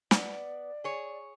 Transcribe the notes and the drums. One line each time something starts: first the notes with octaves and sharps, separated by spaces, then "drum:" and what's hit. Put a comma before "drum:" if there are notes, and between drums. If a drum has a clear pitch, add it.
B3 D5, drum: snare
G#4 C#5